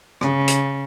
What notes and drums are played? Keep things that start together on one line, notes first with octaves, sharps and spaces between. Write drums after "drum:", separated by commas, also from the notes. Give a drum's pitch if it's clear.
C#3, drum: rim click
drum: hi-hat